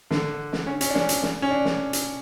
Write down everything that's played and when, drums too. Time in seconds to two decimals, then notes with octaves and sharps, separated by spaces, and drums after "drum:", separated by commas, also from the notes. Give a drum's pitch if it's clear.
0.11 D3, drum: snare
0.52 drum: snare
0.66 C#4
0.81 C#4, drum: hi-hat
0.90 D4
0.95 C#4, drum: snare
1.09 drum: hi-hat
1.23 drum: snare
1.42 C#4
1.51 D4
1.65 drum: snare
1.93 drum: hi-hat